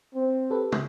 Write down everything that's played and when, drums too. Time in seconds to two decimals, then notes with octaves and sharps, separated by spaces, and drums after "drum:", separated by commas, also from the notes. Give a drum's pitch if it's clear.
0.15 C4
0.50 G4 A4 B4
0.72 drum: tom